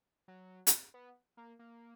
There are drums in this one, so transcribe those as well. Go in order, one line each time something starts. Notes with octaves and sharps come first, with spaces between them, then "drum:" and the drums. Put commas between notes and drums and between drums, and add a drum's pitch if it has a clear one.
F#3
drum: hi-hat
B3
A#3
A#3